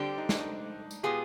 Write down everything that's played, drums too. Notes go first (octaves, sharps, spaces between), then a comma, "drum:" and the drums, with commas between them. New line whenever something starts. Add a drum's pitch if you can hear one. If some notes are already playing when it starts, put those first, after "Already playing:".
Already playing: D3 G3 C4 D4 G4
D#4
D4, drum: snare
D#4
drum: tambourine
B2 B3 F4 G4 G#4